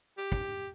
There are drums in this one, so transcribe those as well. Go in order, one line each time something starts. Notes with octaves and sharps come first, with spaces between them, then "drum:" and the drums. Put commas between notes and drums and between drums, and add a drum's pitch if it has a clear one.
G4
drum: kick